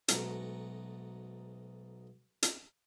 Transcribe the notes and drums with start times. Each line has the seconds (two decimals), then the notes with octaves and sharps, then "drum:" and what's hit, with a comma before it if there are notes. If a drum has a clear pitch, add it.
0.08 B1 G#2 A3 F#4 A#5 C#6, drum: hi-hat
2.43 drum: hi-hat